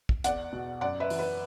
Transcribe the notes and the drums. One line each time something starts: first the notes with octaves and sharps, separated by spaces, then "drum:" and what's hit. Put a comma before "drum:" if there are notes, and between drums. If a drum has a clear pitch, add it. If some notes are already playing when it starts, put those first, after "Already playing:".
drum: kick
E2 D5 F#5, drum: hi-hat
B2
F#2 D5 F#5
B4 E5
E3, drum: open hi-hat
B4